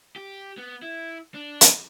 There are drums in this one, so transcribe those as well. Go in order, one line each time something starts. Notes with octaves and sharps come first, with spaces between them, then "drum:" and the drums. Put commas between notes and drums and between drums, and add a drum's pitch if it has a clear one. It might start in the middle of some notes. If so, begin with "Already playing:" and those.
G4
B3
E4
D4
drum: hi-hat